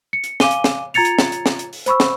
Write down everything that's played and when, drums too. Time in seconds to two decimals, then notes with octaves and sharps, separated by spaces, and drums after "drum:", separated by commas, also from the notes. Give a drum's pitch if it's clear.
0.13 C#7
0.24 drum: hi-hat
0.40 F5 G#5 D6 D#7 G7, drum: snare
0.51 drum: hi-hat
0.64 drum: snare
0.94 F4 A#5 G#6 A6 C#7 F7, drum: open hi-hat
1.05 drum: hi-hat
1.19 drum: snare
1.32 drum: hi-hat
1.46 drum: snare
1.59 drum: hi-hat
1.73 drum: open hi-hat
1.86 C5 B5 C#6 E6, drum: hi-hat
2.00 drum: snare